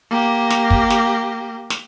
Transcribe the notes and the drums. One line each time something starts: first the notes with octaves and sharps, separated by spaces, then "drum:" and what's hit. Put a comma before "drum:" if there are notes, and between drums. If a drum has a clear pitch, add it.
A#3 G4
drum: snare
drum: kick
drum: snare
drum: snare